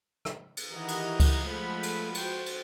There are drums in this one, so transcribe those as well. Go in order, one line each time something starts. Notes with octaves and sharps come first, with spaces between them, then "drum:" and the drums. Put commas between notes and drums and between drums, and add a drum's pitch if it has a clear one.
drum: rim click
drum: cymbal
D#3 E3 G4 D#5 F#5 A#5
drum: cymbal
drum: kick C#2, cymbal
F3 G#3 A3 A4 F#5 B5
drum: cymbal
F#4 C5 G5, drum: cymbal
drum: cymbal